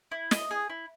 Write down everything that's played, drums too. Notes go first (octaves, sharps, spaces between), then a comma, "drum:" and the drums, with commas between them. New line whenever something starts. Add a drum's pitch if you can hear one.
E4
D#5, drum: snare
G#4
E4